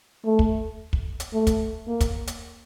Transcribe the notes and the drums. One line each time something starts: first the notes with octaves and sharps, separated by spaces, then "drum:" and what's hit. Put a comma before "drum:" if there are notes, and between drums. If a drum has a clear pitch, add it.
A3
drum: kick
drum: kick
drum: hi-hat
A3
drum: kick, hi-hat
A#3
drum: kick, hi-hat
drum: hi-hat